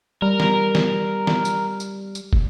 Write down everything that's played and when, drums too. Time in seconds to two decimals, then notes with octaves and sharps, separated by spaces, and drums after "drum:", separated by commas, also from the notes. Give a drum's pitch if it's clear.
0.22 G3 A#4
0.40 drum: snare
0.75 drum: snare
1.27 drum: snare
1.45 drum: tambourine
1.80 drum: tambourine
2.15 drum: tambourine
2.33 drum: kick